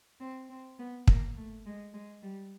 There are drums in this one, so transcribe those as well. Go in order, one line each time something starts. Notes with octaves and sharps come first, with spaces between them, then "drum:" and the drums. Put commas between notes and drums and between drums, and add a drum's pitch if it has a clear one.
C4
C4
B3
A#3, drum: kick
A3
G#3
G#3
G3